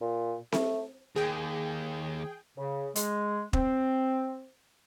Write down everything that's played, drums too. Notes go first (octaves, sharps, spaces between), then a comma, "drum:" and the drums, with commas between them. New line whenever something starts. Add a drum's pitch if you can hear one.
A#2
A3, drum: snare C4
D#2 G#4 G5
C#3
G#3, drum: hi-hat
C4, drum: kick